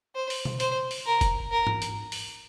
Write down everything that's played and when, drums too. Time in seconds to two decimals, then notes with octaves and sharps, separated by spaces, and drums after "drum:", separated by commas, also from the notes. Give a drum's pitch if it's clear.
0.15 C5
0.30 drum: open hi-hat
0.45 drum: tom B2
0.60 C5, drum: hi-hat
0.91 drum: open hi-hat
1.07 A#4
1.21 drum: kick E1, hi-hat
1.51 A#4
1.67 drum: tom
1.82 drum: hi-hat
2.12 drum: open hi-hat